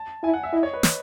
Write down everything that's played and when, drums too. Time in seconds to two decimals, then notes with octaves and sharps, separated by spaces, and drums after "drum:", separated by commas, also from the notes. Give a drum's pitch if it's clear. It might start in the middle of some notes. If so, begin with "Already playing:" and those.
Already playing: A5
0.23 E4 G#5
0.34 F#5
0.43 E5
0.53 E4 D#5
0.63 C#5
0.73 B4
0.83 drum: snare